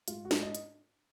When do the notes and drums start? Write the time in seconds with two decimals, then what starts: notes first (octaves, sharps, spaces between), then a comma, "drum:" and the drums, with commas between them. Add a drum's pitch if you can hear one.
0.08 G#2 F4, drum: hi-hat
0.25 F#4
0.31 G#2, drum: snare
0.43 D#5
0.55 drum: hi-hat